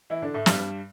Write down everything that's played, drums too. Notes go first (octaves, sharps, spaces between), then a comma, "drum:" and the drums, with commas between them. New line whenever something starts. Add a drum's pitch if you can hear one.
E3 E4
D3 D4
A2 A3
G2 G3, drum: snare